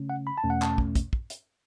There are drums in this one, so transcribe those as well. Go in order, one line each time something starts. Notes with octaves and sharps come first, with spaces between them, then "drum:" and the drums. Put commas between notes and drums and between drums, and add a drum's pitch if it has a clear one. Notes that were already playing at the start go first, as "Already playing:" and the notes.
Already playing: C#3 A3 C#4
F#5
B5
A5
E2 B2 A3 C#4
F#5
A5, drum: clap
drum: kick
drum: kick, hi-hat
drum: kick
drum: hi-hat